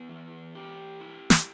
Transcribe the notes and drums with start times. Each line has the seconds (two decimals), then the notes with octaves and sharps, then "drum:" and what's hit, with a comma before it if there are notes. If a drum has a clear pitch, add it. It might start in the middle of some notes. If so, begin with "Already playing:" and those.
Already playing: B3 E4
0.09 E3
0.55 G4
1.00 E4
1.30 drum: snare